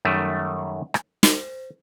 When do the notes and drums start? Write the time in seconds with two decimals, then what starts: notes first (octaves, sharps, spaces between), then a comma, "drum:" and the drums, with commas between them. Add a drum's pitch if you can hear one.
0.05 F#2 D#3 G3 A3
0.94 drum: rim click
1.23 C5, drum: snare